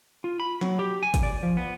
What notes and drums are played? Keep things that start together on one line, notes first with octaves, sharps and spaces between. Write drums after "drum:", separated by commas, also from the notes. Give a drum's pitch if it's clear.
F4
B5
F#3, drum: snare
G4
G#5
drum: kick, hi-hat
D5
F3
B3